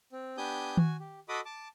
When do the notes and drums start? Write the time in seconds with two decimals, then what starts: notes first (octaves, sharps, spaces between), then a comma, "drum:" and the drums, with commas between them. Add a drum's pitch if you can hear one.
0.12 C4
0.37 B3 D4 G4 G#5 D#6 G6
0.77 F#4 G#5, drum: tom D#3
1.00 G4
1.29 F#4 A4 D#5 B5 D6 D#6
1.45 A5 D6